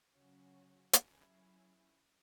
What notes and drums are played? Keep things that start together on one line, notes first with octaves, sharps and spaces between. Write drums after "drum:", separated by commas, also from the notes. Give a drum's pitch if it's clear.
C#3 F#3 C#4 F#4
drum: hi-hat
F#3 C#4 E4 G#4